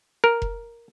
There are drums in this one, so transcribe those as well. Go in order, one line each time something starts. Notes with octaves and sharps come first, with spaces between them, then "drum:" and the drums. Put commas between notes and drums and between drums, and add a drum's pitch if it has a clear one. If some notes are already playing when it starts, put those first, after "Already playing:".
A#4
drum: kick F1